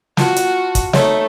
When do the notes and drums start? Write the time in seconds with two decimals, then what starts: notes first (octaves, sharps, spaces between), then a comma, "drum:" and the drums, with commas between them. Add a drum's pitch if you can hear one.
0.17 F4 F#4 A5, drum: snare
0.36 drum: hi-hat
0.75 drum: kick, hi-hat
0.93 A3 D#4 C#5 D#5, drum: snare